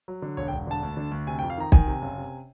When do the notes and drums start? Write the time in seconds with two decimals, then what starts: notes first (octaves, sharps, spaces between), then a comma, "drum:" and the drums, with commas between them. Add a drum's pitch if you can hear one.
0.08 F#3
0.22 D3
0.37 E1 C#5
0.48 G5
0.53 E1
0.67 D3 A5
0.83 D2
0.97 D3
1.12 D2
1.27 C3 G#5
1.39 G5
1.42 F2
1.50 F5
1.58 D#3 A#5
1.72 D#3 G#5, drum: kick B1
1.87 C3
2.02 F#1
2.18 C3